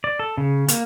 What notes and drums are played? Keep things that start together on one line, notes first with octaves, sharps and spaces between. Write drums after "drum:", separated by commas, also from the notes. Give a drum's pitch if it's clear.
D5
A4
C#3
A#3, drum: hi-hat